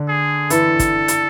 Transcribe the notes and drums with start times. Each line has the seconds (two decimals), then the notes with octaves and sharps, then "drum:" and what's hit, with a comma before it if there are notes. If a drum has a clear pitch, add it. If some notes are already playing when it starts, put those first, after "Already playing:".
Already playing: D3 D4
0.08 G#4
0.50 E3 E4 A4, drum: hi-hat
0.79 drum: kick, hi-hat
1.08 drum: hi-hat